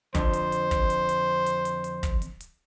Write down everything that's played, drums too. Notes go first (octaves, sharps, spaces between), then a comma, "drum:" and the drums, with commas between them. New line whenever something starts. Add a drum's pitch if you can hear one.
F2 D3 C5, drum: kick, hi-hat
drum: hi-hat
drum: hi-hat
drum: kick, hi-hat
drum: hi-hat
drum: hi-hat
drum: hi-hat
drum: hi-hat
drum: hi-hat
drum: kick, hi-hat
drum: hi-hat
drum: hi-hat